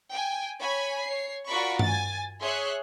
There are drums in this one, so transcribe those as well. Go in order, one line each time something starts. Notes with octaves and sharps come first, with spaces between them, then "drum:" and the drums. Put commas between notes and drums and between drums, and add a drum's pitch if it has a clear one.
G5 G#5
C#5 G#5 B5 C#6
C#5 C7
F4 F#4 A#4 D5 B5 C#6
G#5 A6, drum: tom G2
G#4 C#5 E5 C6 C#6 F#6